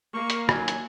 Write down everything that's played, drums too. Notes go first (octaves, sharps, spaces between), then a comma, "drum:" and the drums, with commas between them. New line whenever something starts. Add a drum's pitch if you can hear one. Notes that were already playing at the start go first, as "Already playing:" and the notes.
A#3 C#6
drum: hi-hat
D#3 F#3 G#5, drum: rim click
drum: hi-hat